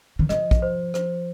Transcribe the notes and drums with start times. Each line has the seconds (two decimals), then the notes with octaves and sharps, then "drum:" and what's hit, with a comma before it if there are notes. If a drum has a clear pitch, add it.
0.19 D#3
0.29 F3 D#5, drum: rim click
0.51 drum: kick
0.62 C5
0.94 C5, drum: rim click